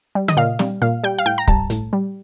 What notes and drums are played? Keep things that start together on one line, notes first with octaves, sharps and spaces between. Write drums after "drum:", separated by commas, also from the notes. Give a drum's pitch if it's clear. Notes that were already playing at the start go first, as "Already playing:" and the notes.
G3
D#5, drum: tom
A#2 F5
G3, drum: snare
A#2 F5
G3 G5
F5
A2 G5
A#5
G3 A5, drum: kick
A2, drum: hi-hat
G3